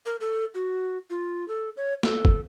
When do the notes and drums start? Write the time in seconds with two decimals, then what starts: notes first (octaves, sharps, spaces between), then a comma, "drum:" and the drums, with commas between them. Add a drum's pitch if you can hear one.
0.06 A#4
0.21 A4
0.54 F#4
1.10 F4
1.48 A4
1.77 C#5
2.03 A4, drum: snare
2.25 drum: kick